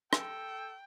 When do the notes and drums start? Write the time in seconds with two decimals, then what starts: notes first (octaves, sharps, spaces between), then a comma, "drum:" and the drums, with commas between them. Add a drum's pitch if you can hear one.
0.13 A4 G5, drum: rim click